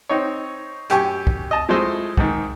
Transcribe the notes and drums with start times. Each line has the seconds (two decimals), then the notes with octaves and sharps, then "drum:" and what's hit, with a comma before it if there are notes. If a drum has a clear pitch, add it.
0.09 C4 D#4 C#5
0.90 F#2 G4 G#5 C#6, drum: hi-hat
1.27 drum: kick
1.51 D#5 A5
1.69 F3 G#3 A3 E4 C5 D#5
2.17 G#2 D#3, drum: kick